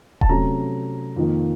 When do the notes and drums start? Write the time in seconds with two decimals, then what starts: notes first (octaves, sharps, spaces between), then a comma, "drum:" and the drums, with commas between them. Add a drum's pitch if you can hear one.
0.21 A5, drum: kick D#1
0.29 C3 F#3 A3 C#4 A#5
1.16 F2 D#3 A#3